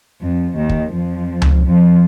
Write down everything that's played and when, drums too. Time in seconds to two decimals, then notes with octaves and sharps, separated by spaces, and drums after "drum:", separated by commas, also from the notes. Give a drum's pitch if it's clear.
0.21 F2 F3
0.57 D#2 D#3
0.69 drum: kick
0.93 F2 F3
1.42 drum: tom C#2
1.64 F2 F3